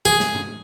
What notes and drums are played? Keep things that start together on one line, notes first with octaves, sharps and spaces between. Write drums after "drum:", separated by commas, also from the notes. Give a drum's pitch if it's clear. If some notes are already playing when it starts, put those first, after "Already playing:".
G#4, drum: tom G2
drum: snare
drum: tom G2